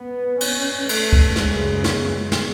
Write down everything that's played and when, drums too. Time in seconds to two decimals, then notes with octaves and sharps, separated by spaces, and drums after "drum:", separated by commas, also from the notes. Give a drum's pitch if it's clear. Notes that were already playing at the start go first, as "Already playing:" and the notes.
Already playing: B3
0.41 C#4, drum: cymbal
0.89 A3, drum: cymbal
1.13 drum: kick
1.36 F#2 C#3 G#3, drum: snare
1.84 drum: snare
2.32 drum: snare